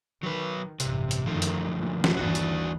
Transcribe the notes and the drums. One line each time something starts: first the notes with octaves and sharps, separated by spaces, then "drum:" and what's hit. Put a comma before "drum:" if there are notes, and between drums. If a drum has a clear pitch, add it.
D#3 F#3 B4
A1 G2 C3, drum: hi-hat
drum: hi-hat
F#2 D3 D#3 F3 A3
drum: hi-hat
A#2
drum: snare
G1 D#2 E3 D4 F#4
drum: hi-hat